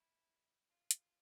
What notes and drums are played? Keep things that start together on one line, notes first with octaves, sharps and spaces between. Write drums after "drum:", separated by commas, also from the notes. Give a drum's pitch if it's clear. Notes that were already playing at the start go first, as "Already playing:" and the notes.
Already playing: E4
F4
drum: hi-hat